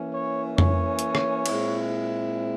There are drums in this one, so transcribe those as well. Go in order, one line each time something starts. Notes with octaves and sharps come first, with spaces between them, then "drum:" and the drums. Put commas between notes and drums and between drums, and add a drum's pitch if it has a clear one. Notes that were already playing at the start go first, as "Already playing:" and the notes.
Already playing: E3 A#3 C#4
C#5
C#5, drum: tom F2
drum: hi-hat
drum: rim click
A#2 G#3 C4 E4, drum: cymbal